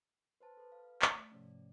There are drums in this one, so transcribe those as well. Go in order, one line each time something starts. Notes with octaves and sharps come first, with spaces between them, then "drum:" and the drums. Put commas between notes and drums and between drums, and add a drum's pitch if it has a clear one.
B4 C5 A5
A4 B4
F5
drum: clap
A3 D5
G#2 C3 F3 C#4 D5